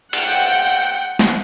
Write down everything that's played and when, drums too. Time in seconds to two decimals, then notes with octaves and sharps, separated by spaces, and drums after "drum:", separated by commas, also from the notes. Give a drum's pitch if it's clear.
0.13 F#5 G5, drum: cymbal
1.19 drum: snare